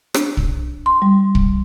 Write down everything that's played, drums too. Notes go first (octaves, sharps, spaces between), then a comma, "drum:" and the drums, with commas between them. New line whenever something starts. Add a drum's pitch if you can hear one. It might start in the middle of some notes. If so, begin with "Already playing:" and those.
D4, drum: rim click
drum: kick
C6
G3
drum: kick